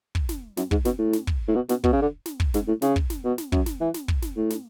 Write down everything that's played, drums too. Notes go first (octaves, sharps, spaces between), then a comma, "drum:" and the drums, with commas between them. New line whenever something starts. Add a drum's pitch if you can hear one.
drum: kick
drum: snare
F#2, drum: snare
G#2, drum: kick
B2, drum: snare
A2
drum: snare
drum: kick
A2
B2
B2, drum: snare
B2, drum: kick
C#3
D3
drum: snare
drum: kick
G#2, drum: snare
A2
C#3, drum: snare
drum: kick
drum: snare
B2
drum: snare
F#2, drum: kick
drum: snare
E3
drum: snare
drum: kick
drum: snare
A2
drum: snare